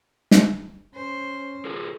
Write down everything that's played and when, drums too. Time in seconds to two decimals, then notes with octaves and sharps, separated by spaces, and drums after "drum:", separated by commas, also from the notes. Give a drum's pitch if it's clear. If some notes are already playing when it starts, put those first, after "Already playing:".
0.31 drum: snare
0.95 C#4 C5
1.65 F4 G#4 A4